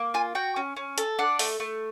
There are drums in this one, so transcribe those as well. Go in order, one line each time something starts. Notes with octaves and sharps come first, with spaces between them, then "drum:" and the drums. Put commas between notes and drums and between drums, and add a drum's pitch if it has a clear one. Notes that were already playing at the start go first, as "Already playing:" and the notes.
Already playing: A#3
F4 G#5
F#4 G5
C#4
C#4
A4, drum: hi-hat
D4 F#5
A3, drum: open hi-hat
A3